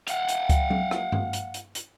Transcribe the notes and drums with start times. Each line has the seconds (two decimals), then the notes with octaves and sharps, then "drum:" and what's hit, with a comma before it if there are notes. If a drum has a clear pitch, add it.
0.08 F5 F#5, drum: hi-hat
0.29 drum: hi-hat
0.49 drum: kick C#2, hi-hat
0.70 drum: tom F#3
0.91 drum: rim click
1.12 drum: tom G2
1.33 drum: hi-hat
1.54 drum: hi-hat
1.75 drum: hi-hat